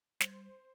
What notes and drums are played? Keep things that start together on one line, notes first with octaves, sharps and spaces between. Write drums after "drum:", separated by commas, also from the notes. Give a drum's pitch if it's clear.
G3 C5, drum: snare